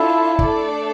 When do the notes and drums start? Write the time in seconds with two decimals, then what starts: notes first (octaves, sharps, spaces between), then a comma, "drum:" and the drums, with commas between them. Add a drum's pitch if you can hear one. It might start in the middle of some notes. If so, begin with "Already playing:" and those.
Already playing: D4 E4 F4 A4 E5 A5
0.39 A3 D4 A4 D5, drum: kick